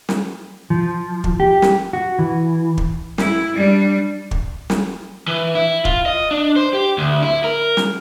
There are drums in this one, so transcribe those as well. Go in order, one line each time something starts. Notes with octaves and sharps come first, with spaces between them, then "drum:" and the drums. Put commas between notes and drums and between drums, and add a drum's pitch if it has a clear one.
drum: snare
F3
drum: kick
G4
drum: snare
F#4
E3
drum: kick
E4, drum: snare
G3 D4
drum: kick
drum: snare
E3
E4
F4, drum: kick
D#5
D4
C5
G4
D2
E4
A#4
drum: snare